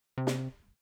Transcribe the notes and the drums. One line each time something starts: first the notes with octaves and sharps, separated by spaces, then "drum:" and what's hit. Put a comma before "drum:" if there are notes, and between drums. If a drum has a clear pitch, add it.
C3
drum: snare